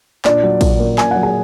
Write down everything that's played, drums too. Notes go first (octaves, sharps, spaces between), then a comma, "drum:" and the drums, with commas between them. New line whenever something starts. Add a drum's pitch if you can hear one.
A#2 D4 D5, drum: clap
F#3
A#2, drum: kick, cymbal
A#3
A#2 G#5, drum: clap
F#3 F#5
G#4 G#5